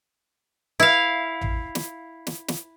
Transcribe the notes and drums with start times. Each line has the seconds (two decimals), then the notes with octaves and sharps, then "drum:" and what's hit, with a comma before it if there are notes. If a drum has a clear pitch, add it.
0.80 E4 F5
1.41 drum: tom A1
1.75 drum: snare
2.27 drum: snare
2.48 drum: snare